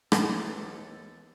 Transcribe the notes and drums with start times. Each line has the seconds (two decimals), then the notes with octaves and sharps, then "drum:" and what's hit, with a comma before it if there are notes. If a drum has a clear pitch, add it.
0.12 D#2 E3 B3 A4, drum: rim click